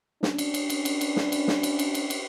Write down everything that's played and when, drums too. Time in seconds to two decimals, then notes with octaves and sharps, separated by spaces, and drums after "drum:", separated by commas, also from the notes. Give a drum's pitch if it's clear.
0.23 C#4 D4, drum: snare
0.38 drum: cymbal
0.54 drum: cymbal
0.70 drum: cymbal
0.85 drum: cymbal
1.01 drum: cymbal
1.16 drum: snare
1.32 drum: cymbal
1.48 drum: snare
1.63 drum: cymbal
1.79 drum: cymbal
1.95 drum: cymbal
2.10 drum: cymbal